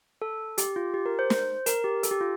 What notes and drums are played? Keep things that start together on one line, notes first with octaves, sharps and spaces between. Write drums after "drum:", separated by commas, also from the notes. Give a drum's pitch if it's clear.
A4
G4, drum: hi-hat
F4
G4
A#4
C5
drum: snare
A#4, drum: hi-hat
G4
A4, drum: hi-hat
G4
F4